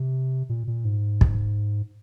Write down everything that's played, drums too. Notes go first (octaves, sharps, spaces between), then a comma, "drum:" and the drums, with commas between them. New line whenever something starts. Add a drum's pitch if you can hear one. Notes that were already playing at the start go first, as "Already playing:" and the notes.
Already playing: C3
A#2
A#2
G#2
drum: kick